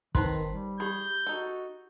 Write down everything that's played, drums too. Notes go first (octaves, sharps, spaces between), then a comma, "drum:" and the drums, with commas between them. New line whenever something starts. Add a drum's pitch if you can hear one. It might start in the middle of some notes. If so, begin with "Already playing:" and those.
D#3 C4 D#4 A#4 B4 C6, drum: kick
G3
G4 G#4 B5 G6
D#4 F#4 A4